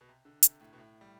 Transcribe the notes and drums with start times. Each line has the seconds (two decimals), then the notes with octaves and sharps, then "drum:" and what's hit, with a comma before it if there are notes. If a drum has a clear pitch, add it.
0.01 B2
0.09 C3
0.25 D3
0.43 C3, drum: hi-hat
0.61 A2
0.73 B2
0.78 A2
1.01 G3